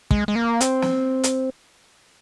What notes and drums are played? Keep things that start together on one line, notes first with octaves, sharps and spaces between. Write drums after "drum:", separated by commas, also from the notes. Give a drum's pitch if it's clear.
G#3, drum: kick
G#3
A#3
C4, drum: hi-hat
drum: snare
drum: hi-hat